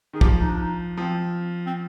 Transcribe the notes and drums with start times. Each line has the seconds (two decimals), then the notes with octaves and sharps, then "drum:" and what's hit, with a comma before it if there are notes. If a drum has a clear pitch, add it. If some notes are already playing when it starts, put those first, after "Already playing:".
0.13 D#3 G#4
0.21 F3 G4, drum: kick
0.41 D#4
0.49 D4
0.57 D#4
0.97 F3 C4
1.66 C4